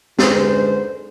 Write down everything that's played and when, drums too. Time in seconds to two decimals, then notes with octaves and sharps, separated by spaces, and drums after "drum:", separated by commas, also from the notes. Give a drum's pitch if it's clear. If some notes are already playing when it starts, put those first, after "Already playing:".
0.19 F#2 D3 G#3 D#4 B4 C5, drum: snare